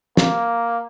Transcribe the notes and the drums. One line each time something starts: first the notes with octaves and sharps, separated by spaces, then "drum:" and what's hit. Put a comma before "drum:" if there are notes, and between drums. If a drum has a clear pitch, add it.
A#3, drum: snare